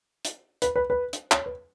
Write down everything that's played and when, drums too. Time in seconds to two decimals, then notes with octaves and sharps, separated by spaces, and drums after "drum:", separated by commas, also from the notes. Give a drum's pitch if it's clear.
0.25 drum: hi-hat
0.62 B4, drum: hi-hat
0.76 B4
0.90 B4
1.13 drum: hi-hat
1.32 C#5, drum: clap
1.46 B4